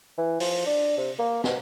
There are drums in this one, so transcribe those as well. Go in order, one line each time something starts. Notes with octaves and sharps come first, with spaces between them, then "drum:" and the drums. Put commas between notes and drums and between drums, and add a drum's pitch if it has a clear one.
E3
F3, drum: open hi-hat
D4
C3
A#3
B2, drum: snare